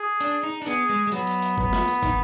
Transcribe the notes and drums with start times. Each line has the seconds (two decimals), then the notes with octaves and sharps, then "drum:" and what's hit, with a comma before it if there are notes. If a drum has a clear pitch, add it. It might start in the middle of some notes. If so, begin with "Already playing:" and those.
Already playing: G#4
0.21 D4, drum: hi-hat
0.43 D#4
0.62 D4
0.66 B3 G#4, drum: hi-hat
0.89 G#3
1.07 G#3
1.12 F#3 B3, drum: hi-hat
1.27 drum: hi-hat
1.42 drum: hi-hat
1.57 B3, drum: kick
1.73 drum: snare
1.88 drum: hi-hat
2.03 D#3, drum: kick, hi-hat